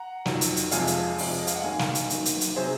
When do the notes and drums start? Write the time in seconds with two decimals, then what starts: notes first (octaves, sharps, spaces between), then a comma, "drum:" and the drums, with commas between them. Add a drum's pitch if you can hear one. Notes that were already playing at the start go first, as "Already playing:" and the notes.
Already playing: F#5 A#5
0.26 F2 D#3 F#3, drum: snare
0.41 drum: hi-hat
0.56 drum: hi-hat
0.71 F2 C3 F3 G#3 F5 G#5, drum: hi-hat
0.87 drum: hi-hat
1.18 F2 C3 F3 G#3, drum: open hi-hat
1.38 D#5
1.47 F5, drum: hi-hat
1.55 F#5
1.63 F#2 D#3 F#3 A#3 F5 G#5
1.79 drum: snare
1.95 drum: hi-hat
2.10 F#2 D#3 F#3 A#3, drum: hi-hat
2.25 drum: hi-hat
2.41 drum: hi-hat
2.56 C3 F#3 G#4 C5